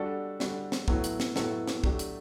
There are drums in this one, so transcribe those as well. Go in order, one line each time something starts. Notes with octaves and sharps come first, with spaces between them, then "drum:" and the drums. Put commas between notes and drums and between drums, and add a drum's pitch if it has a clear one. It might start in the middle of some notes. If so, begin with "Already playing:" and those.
Already playing: G3 D4 F#4 A4
G3 D4 F#4 A4, drum: snare
drum: snare
A2 F#3 B3 E4 A4, drum: kick
drum: hi-hat
drum: snare
A2 F#3 B3 E4 A4, drum: snare
drum: snare
F#3 A3 D4 G4, drum: kick
drum: hi-hat